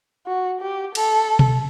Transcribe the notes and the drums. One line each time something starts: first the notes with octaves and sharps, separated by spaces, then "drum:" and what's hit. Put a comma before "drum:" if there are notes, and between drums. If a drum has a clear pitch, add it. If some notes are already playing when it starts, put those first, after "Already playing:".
F#4
G4
A4, drum: cymbal
drum: tom B2